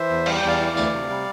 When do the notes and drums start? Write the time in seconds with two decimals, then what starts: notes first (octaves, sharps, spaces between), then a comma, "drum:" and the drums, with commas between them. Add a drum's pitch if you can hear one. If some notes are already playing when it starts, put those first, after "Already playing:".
Already playing: E3 C5 E5
0.10 E2
0.26 G3 F5, drum: cymbal
0.37 G5
0.43 E2 D5 F5
0.60 E3
0.77 D2, drum: tambourine
0.93 C3
1.10 G3